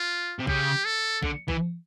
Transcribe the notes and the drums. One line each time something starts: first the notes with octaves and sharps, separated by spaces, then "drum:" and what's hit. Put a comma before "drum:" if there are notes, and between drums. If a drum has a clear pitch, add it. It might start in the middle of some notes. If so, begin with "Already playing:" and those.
Already playing: F4
C3
C#3 G4, drum: kick
A4
D3, drum: kick
E3, drum: kick